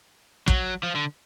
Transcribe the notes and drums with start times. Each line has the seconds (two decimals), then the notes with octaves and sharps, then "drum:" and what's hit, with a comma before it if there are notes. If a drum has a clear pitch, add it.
0.48 F#3, drum: kick
0.83 F3
0.95 D3